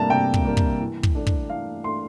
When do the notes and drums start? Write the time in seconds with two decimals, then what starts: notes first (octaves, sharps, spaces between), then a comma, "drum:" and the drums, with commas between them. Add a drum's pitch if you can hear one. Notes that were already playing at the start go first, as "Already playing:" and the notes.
Already playing: C3 G3 A#3 D4 A5 A#5
0.10 C3 G5
0.34 drum: kick
0.45 G3 A#3 D4
0.57 drum: kick
0.80 E3
1.03 drum: kick
1.15 A3 D4
1.27 drum: kick
1.50 E3 F5
1.84 A3 D4 C6